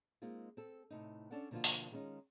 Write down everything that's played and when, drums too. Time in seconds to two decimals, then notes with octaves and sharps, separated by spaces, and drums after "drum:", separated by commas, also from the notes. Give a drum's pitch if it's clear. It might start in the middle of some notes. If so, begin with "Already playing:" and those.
0.22 G#3 A#3 C4 D#4 F4
0.57 C4 A4
0.90 A2 C3 D#4
1.30 C#4 D4 A4 C#5 D5 F#5
1.51 B2 D3 F3 A#3 B3 F4
1.64 drum: open hi-hat
1.91 D#3 G#3 B3 C#4 D#4 F4